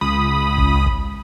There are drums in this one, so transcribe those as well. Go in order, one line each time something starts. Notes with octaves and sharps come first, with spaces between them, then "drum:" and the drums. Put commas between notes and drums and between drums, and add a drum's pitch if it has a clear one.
C#2 B5 D#6
drum: kick
drum: kick